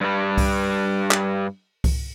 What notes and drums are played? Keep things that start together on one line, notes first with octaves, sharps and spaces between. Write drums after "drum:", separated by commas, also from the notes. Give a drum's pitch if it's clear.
G2 G3
drum: kick C2, open hi-hat
drum: clap
drum: kick C2, open hi-hat